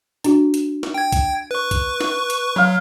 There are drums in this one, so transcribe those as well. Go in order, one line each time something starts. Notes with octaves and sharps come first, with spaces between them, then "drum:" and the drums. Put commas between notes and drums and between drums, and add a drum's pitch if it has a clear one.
D4 F#4, drum: hi-hat
drum: hi-hat
drum: snare
G5 G#6
drum: kick, hi-hat
B4 C#6
drum: kick, hi-hat
drum: snare
drum: hi-hat
F#3 F5 C6